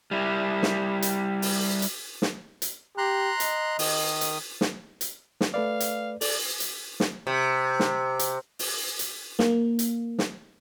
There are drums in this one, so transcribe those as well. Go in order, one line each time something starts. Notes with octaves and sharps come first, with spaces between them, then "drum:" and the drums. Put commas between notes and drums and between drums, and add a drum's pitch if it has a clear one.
G3 E4
drum: snare
drum: hi-hat
drum: open hi-hat
drum: hi-hat
drum: snare
drum: hi-hat
G4 A#5 C6 F#6
D#5, drum: hi-hat
D#3 D#6, drum: open hi-hat
drum: hi-hat
drum: snare
drum: hi-hat
drum: snare
A3 B4 D5 F5
drum: hi-hat
A4 D5, drum: open hi-hat
drum: hi-hat
drum: snare
C3
drum: snare
drum: hi-hat
drum: open hi-hat
drum: hi-hat
A#3, drum: snare
drum: hi-hat
drum: snare